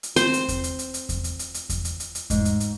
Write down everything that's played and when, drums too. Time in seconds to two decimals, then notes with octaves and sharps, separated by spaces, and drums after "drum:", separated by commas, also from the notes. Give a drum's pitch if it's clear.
0.03 drum: hi-hat
0.16 C4 C5, drum: hi-hat
0.33 drum: hi-hat
0.48 drum: kick E2, hi-hat
0.64 drum: hi-hat
0.79 drum: hi-hat
0.94 drum: hi-hat
1.09 drum: kick E2, hi-hat
1.24 drum: hi-hat
1.39 drum: hi-hat
1.54 drum: hi-hat
1.70 drum: kick E2, hi-hat
1.85 drum: hi-hat
2.00 drum: hi-hat
2.15 drum: hi-hat
2.30 G#2, drum: kick E2, hi-hat
2.45 drum: hi-hat
2.60 drum: hi-hat